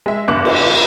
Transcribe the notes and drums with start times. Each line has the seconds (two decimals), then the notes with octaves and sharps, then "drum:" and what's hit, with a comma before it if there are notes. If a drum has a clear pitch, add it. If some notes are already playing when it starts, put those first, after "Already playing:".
0.06 G#3 E5
0.28 F#1 E2 G2 D6 F#6
0.45 drum: cymbal